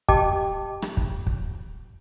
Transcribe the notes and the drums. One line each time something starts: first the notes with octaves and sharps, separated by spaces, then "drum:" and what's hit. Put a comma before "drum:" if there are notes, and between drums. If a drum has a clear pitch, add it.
G4 D#5 G5 A5 D6, drum: kick
drum: rim click
drum: kick
drum: kick